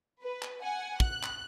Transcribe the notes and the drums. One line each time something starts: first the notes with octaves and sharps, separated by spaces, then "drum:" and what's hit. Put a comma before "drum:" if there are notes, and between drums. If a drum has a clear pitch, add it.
B4
drum: clap
F#5 G#5
F#6, drum: kick
drum: clap